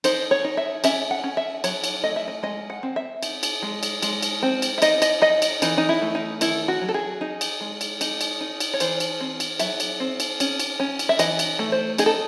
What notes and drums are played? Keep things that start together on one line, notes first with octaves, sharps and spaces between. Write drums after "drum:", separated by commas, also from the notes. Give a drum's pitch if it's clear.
D#4 C5, drum: cymbal
C#5
D#4
E5
C#4 E5, drum: cymbal
F#5
C#4
E5
F#3 C#5, drum: cymbal
drum: cymbal
A3 D#5
E5
D#5
G#3 D#5
F#5
C4
E5
D#4, drum: cymbal
drum: cymbal
G#3
drum: cymbal
G#3, drum: cymbal
drum: cymbal
C4
drum: cymbal
E5
D#4 D#5, drum: cymbal
D#5, drum: cymbal
D#4 D#5
drum: cymbal
E3 D#4, drum: cymbal
D#4
E4
A3
D#4
D#3 E4, drum: cymbal
F#4
F#3
A4
G#4
D#4
drum: cymbal
G#3
drum: cymbal
D#4, drum: cymbal
drum: cymbal
D#4
drum: cymbal
C#5
E3 C5, drum: cymbal
drum: cymbal
C4
drum: cymbal
F#3 E5, drum: cymbal
drum: cymbal
C4
drum: cymbal
C#4, drum: cymbal
drum: cymbal
C#4
drum: cymbal
E5
E3 D#5, drum: cymbal
drum: cymbal
A3
C5
D#4 G#4, drum: cymbal
A4